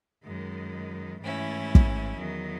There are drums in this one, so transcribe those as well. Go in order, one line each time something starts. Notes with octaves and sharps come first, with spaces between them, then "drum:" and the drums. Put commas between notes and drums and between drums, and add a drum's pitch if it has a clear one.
F#2 D#3 G#3
G#2 E3 A3 C#4 E4
drum: kick
E2 D#3 F#3